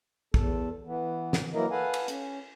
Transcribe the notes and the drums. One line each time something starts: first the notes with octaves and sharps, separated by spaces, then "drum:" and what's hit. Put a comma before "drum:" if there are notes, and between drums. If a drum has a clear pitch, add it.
E2 A4, drum: kick
E3 B3
drum: snare
E3 F#3 A#3 E4 A#4 D#5
A4 B4 F5 F#5 G#5
drum: cymbal
C#4, drum: hi-hat